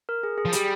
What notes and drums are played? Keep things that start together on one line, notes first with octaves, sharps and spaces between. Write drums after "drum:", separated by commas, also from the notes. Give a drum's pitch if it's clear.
A#4
G#4
G#4
F3
G3 G4, drum: hi-hat